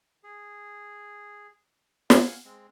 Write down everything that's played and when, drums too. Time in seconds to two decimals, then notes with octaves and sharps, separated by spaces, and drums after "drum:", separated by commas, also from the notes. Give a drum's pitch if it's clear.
0.24 G#4
2.10 F5 F#5 G#5, drum: snare
2.45 G#3 C4